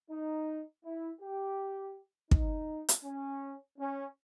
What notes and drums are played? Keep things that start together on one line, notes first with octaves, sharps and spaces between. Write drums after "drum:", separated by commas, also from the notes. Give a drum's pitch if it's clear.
D#4
E4
G4
D#4, drum: kick
drum: hi-hat
C#4
C#4